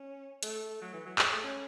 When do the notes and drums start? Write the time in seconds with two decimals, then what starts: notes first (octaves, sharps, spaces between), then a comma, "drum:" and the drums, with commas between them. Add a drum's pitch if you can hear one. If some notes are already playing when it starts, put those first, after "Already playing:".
Already playing: C#4
0.43 A3, drum: hi-hat
0.81 F#3
0.93 E3
1.05 F#3
1.18 G#3, drum: clap
1.32 A3
1.44 C#4